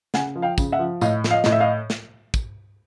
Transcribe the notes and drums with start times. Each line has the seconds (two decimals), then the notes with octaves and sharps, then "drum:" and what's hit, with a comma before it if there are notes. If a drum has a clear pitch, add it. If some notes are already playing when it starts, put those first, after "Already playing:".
0.14 C#3 F#5 G#5, drum: snare
0.35 F3
0.42 F5 G5
0.58 C#3, drum: kick, tambourine
0.72 E5 F#5
0.79 F3
1.01 A2 D#5 F5, drum: tambourine
1.24 F3, drum: snare
1.31 D#5 F5
1.44 A2 D#5, drum: snare
1.52 E5
1.60 D#5 F5
1.90 drum: snare
2.34 drum: kick, tambourine